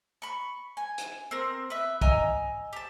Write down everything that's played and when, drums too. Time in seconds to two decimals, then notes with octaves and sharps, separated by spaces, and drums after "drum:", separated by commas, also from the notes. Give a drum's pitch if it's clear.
0.22 B5 C#6
0.77 G#5
0.98 drum: hi-hat
1.31 C4 A#4
1.70 B4 E5
2.01 D#5 G#5 A#5 E6, drum: kick
2.73 G4 A5